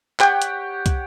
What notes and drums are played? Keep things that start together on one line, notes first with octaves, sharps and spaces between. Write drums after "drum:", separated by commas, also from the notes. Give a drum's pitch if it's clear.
G4 C#5 F#5 G5, drum: clap
drum: hi-hat
drum: kick, hi-hat